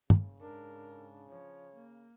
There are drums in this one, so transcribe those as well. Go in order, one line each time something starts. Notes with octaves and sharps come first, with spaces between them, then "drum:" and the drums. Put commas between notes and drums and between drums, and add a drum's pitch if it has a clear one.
F#1 C#3, drum: tom
G#2 D4 A#4
F3 C#5
A#3